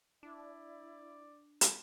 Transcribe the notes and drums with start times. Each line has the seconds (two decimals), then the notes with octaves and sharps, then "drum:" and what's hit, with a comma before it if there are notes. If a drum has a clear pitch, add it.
0.23 D4 E4 D5
1.61 drum: hi-hat